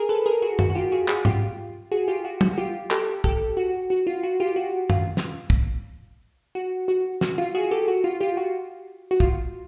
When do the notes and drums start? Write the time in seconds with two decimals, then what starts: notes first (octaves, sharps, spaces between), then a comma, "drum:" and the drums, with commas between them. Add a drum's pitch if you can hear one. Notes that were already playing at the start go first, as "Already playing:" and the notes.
Already playing: G#4 A#4
0.09 A4 B4
0.26 G#4 A#4
0.42 F#4 G#4
0.59 F#4, drum: tom F#2
0.70 F#4
0.75 F4 G4
0.92 F#4 G#4
1.08 F#4 G#4, drum: clap
1.25 F4 G4, drum: tom G#2
1.92 F#4 G#4
2.08 F4 G4
2.25 F#4
2.41 F#4, drum: tom
2.58 F4 G4
2.91 G4 A4, drum: clap
3.24 G4 A4, drum: kick
3.57 F#4
3.90 F#4
4.07 F4
4.23 F#4
4.40 F4 G4
4.56 F#4
4.90 F4, drum: tom F#2
5.17 drum: snare
5.50 drum: kick
6.55 F#4
6.88 F#4
7.21 F#4, drum: snare
7.38 F4
7.55 F#4 G#4
7.71 G4 A4
7.88 F#4
8.04 F4
8.21 F4 G4
8.37 F#4
9.11 F#4
9.20 F4, drum: kick